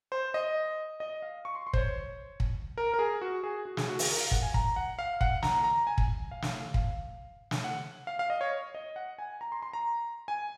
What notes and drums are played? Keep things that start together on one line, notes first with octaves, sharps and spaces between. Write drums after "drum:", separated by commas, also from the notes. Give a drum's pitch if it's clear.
C5
D#5
D#5
F5
C#6
C6
C6
C5, drum: kick
C#5
drum: kick
A#4
A#4
G#4
F#4
G#4
F#4
G#4, drum: snare
F#4
G#4, drum: open hi-hat
A#4
F5
F#5, drum: kick
G#5
A#5, drum: kick
F#5
F5
F#5, drum: kick
A#5, drum: snare
A#5
G#5
drum: kick
F5
drum: snare
F5
drum: kick
drum: snare
F#5
F5
F5
D#5
C#5
D#5
F#5
G#5
A#5
C6
C6
A#5
G#5